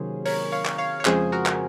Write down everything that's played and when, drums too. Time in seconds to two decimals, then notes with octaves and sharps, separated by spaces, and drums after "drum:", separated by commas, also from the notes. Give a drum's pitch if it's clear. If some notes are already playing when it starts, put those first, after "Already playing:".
Already playing: C3 D#3 F#3 A#3 C#4 G#4 C5
0.25 A#4 C#5, drum: open hi-hat
0.52 C#5 F5
0.66 drum: clap
0.78 C#5 F5
1.00 C#5
1.05 F2 C#3 F3 G#3 C#4 G#4 C5, drum: clap
1.32 F#4 A#4
1.46 drum: clap